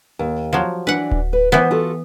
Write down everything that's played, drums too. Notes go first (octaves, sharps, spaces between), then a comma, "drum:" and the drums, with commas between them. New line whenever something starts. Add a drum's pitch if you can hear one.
D#2
F3 F#3
E3 D4 B4 F#5
drum: kick D1
B4
E3 B3 C5
F4 F#4 A4